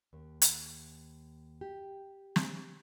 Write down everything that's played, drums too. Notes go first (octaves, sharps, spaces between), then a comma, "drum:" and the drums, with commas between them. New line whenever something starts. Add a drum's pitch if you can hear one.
D#2
drum: hi-hat
G4
drum: snare